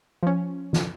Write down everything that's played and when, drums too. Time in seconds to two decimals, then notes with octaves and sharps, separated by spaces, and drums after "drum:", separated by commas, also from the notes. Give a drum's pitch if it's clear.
0.23 F3 C#4
0.73 drum: snare